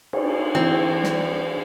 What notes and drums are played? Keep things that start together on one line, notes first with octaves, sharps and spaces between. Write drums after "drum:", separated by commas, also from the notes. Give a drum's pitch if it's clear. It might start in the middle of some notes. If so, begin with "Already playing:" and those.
drum: cymbal
E3 C4
drum: snare